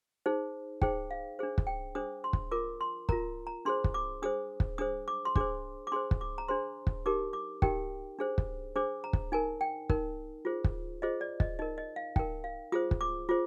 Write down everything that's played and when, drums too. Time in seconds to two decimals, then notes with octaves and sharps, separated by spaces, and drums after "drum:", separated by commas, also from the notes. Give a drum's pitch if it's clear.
0.26 D#4 G#4 C5
0.82 D#4 G#4 C5 G5, drum: kick
1.11 F5
1.39 D4 G#4 C5
1.58 drum: kick
1.67 G5
1.95 D4 G#4 C5 D#6
2.24 C6
2.33 drum: kick
2.52 F4 A#4 D6
2.81 C6
3.09 F4 A#4 A#5, drum: kick
3.47 A#5
3.65 D4 G#4 C5 C6
3.84 drum: kick
3.94 D6
4.23 D4 G#4 C5 D#6
4.60 drum: kick
4.78 D4 G#4 C5 D#6
5.08 D6
5.25 C6
5.36 D4 G#4 C5 D6, drum: kick
5.87 D6
5.92 D4 G#4 C5 C6
6.11 drum: kick
6.21 D6
6.38 A#5
6.48 D4 G#4 C5 C6
6.87 drum: kick
7.06 D#4 G4 A#4 D6
7.33 D6
7.62 D#4 G4 A#4 G5, drum: kick
8.19 D4 G#4 C5
8.38 drum: kick
8.76 D4 G#4 C5 D6
9.04 A#5
9.13 drum: kick
9.32 D#4 A#4 G#5
9.61 G5
9.89 D#4 A#4, drum: kick
10.45 F4 G#4 C5
10.64 drum: kick
11.02 F4 G#4 C5 D#5
11.21 D5
11.40 D#5, drum: kick
11.59 D#4 A#4 D#5
11.78 D#5
11.96 F5
12.16 D#4 A#4 G5, drum: kick
12.44 F5
12.72 F4 G#4 C5 D#6
12.91 drum: kick
13.01 D6
13.29 F4 G#4 C5 D6